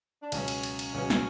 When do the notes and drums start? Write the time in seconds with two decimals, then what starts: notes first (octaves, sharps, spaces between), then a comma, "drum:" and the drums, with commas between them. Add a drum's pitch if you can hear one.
0.22 D4
0.32 C#2 B2 F#3 C#4, drum: cymbal
0.48 drum: cymbal
0.63 drum: cymbal
0.79 drum: cymbal
0.94 C#2 B2 F#3 C#4
1.10 drum: snare